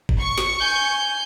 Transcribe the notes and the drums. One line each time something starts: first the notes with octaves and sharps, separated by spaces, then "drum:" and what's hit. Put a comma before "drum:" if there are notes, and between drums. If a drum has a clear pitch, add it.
drum: kick G1
C#6 C#7
drum: snare
G#5 G6